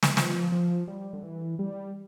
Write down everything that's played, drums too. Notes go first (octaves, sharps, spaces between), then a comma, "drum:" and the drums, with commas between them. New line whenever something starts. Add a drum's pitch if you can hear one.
drum: snare
F3, drum: snare
F3
G3
D3
E3
G3